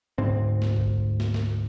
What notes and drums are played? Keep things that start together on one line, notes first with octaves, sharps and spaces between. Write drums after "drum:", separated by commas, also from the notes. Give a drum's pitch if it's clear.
D2 G#2 C4
drum: snare
drum: kick
drum: snare
drum: snare